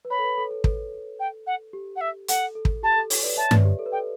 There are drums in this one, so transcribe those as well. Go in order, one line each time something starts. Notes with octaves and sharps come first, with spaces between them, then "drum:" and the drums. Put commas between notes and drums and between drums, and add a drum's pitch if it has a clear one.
B4
C#5 B5
A4
B4
A4
A4
A4, drum: kick
G5
F#5
G4
F#5
E5
A4 F#5, drum: hi-hat
A4
drum: kick
G4 A5
A4
C#5, drum: open hi-hat
B4 D5
C#5 E5 A5
B4 D5, drum: tom G2
G4
A4
B4
A4 G5